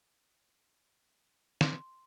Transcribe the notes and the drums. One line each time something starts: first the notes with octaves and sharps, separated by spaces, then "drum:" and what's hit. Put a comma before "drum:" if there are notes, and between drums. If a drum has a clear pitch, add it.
C6, drum: snare